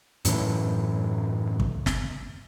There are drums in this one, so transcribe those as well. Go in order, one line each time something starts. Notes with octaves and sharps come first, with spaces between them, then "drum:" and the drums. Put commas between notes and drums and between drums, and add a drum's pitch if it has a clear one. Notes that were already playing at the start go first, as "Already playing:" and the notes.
F#2 A2 E3, drum: hi-hat
drum: kick
drum: snare